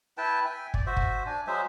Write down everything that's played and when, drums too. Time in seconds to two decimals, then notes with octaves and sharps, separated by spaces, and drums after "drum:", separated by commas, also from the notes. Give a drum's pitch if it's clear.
0.18 E4 B4 G5 A5
0.45 E5 G5 G#5
0.74 D5, drum: kick
0.86 F#4 C5 E5
0.97 drum: kick
1.26 D4 G#5
1.47 F#3 G#3 C5 E5